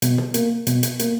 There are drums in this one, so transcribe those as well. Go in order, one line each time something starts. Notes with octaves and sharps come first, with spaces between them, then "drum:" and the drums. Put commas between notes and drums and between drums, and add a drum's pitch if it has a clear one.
B2, drum: hi-hat
drum: tom
A#3, drum: hi-hat
B2, drum: hi-hat
drum: hi-hat
A#3, drum: hi-hat